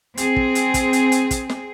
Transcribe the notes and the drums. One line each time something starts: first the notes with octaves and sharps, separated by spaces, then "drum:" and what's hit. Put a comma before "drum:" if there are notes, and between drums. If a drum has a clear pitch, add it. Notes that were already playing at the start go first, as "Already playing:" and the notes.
C4 G#4, drum: hi-hat
drum: kick
drum: hi-hat
drum: kick, hi-hat
drum: hi-hat
drum: hi-hat
drum: kick, hi-hat
drum: snare